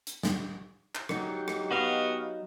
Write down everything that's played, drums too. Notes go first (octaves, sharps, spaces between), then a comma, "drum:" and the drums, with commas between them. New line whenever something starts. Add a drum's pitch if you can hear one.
drum: hi-hat
drum: snare
drum: clap
F#3 D#4 G4, drum: rim click
drum: rim click
B3 F#4 D#5 F5